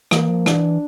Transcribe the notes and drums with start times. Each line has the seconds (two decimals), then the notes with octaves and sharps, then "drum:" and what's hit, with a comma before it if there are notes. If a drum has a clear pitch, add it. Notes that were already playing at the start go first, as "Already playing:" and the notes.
0.11 E3 A#3, drum: rim click
0.29 F3
0.46 E3 D4, drum: rim click